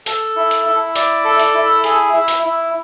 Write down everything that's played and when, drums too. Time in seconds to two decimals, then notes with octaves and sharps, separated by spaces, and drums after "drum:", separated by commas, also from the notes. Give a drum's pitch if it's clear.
0.06 A4, drum: hi-hat
0.36 E4
0.51 drum: hi-hat
0.66 E4
0.96 D5, drum: hi-hat
1.25 A4
1.40 drum: hi-hat
1.54 E4
1.84 G#4, drum: hi-hat
2.13 E4
2.28 drum: hi-hat
2.43 E4